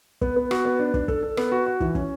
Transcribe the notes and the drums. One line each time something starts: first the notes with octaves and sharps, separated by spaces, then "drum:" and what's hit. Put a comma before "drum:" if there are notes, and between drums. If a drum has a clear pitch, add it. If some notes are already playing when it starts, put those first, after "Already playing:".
B3, drum: kick
B3
F#4, drum: rim click
B3
D4
D4, drum: kick
A4, drum: kick
A4
B3, drum: rim click
F#4
F#4
E3, drum: kick
C#4, drum: kick